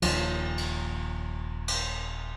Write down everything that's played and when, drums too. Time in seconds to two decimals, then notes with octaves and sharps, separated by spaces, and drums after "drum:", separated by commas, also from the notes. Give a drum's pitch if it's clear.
0.02 D#1 D#2 F3, drum: cymbal
0.58 drum: cymbal
1.68 drum: cymbal